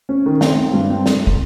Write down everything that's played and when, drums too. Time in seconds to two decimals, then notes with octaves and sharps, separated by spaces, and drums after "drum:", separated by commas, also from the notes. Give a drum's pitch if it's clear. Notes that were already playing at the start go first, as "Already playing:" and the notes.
0.09 C#4
0.26 D#3
0.41 C4, drum: snare
0.58 C4
0.73 G2
0.90 C4
1.06 drum: snare
1.27 drum: kick